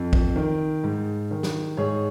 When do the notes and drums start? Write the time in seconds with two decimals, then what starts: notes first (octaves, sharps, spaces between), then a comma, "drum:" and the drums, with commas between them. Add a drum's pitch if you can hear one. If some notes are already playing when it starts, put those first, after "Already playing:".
Already playing: F2
0.13 drum: kick
0.36 D#3
0.84 G#2
1.31 D#3
1.43 drum: snare
1.77 G#2 G#4 C#5